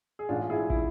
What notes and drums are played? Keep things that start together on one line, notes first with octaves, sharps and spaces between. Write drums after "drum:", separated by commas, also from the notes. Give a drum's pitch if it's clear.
G#4
A1 G#2 G#3 D4 F4
F4
E4 G#4
E4, drum: kick